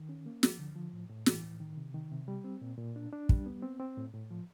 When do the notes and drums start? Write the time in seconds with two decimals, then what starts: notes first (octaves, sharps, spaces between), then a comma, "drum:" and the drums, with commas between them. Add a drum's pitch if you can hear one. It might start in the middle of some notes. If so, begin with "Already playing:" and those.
Already playing: D#3
0.09 C#4
0.26 A#3
0.43 F3, drum: snare
0.59 D3
0.75 F3
0.93 A2
1.09 A2
1.26 E3, drum: snare
1.43 A2
1.60 D#3
1.77 C3
1.94 D#3
2.12 C3
2.28 G3
2.44 C4
2.61 A#2
2.78 A#2
2.96 D4
3.12 D4
3.29 G3, drum: kick
3.46 B3
3.62 C4
3.80 C4
3.97 A2
4.14 A2
4.31 F3